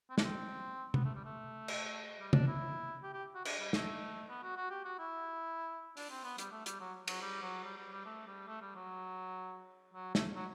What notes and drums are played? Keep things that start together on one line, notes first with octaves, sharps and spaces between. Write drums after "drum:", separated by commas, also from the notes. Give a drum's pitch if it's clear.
C4
D4, drum: snare
C4
B3, drum: tom C3
A3
G3
A3
drum: cymbal
G3
D4, drum: tom
E4
G4
G4
F#4
D4, drum: cymbal
G3
A3, drum: snare
B3
F#4
F#4
G4
F#4
E4
D4, drum: open hi-hat
C4
B3
G3, drum: hi-hat
A3
G3, drum: hi-hat
F#3
F#3, drum: cymbal
G3
F#3
G3
G3
G3
A3
G3
A3
G3
F#3
F#3
A3, drum: snare
F#3